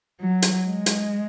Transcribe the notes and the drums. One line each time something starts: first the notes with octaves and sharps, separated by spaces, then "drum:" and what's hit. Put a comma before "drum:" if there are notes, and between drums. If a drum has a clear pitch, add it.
F#3
drum: hi-hat
G#3
drum: hi-hat